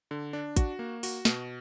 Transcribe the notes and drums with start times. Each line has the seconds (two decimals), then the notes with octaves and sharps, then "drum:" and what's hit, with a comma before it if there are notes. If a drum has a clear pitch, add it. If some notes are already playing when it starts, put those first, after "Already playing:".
0.11 D3
0.33 D4
0.57 F#4, drum: kick, hi-hat
0.79 A#3
1.03 F#4, drum: open hi-hat
1.25 B2, drum: snare